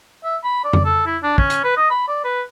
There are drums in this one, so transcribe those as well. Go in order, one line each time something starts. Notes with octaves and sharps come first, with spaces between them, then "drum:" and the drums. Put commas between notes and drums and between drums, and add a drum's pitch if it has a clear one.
E5
B5
D5
drum: tom
A4
E4
D4
C#4, drum: kick
drum: hi-hat
B4
D#5
B5
D5
B4